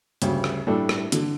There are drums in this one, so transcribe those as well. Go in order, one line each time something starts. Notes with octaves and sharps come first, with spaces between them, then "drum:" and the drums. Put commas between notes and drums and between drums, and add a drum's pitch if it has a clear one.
D2 C#3 G3, drum: hi-hat
drum: rim click
A2 G3 D4 A4
drum: rim click
D3, drum: hi-hat